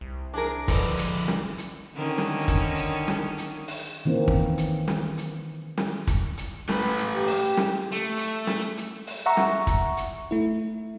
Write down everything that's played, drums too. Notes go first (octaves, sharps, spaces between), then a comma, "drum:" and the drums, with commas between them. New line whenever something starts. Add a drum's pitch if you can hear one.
C2
D4 G#4 A#4 D5
D3 D#3 F3 B4, drum: kick, hi-hat
G#3, drum: hi-hat
drum: snare
drum: hi-hat
D3 D#3 C#4
drum: snare
drum: kick, hi-hat
drum: hi-hat
drum: snare
drum: hi-hat
drum: open hi-hat
D#3 E3 A#3 C4 C#4
drum: kick
drum: hi-hat
drum: snare
drum: hi-hat
drum: snare
drum: kick, hi-hat
drum: hi-hat
A3 B4, drum: snare
drum: hi-hat
G4
drum: open hi-hat
drum: snare
A3
drum: hi-hat
drum: snare
drum: hi-hat
drum: open hi-hat
E5 F#5 A#5 C#6
drum: snare
drum: kick, hi-hat
drum: hi-hat
A3 E4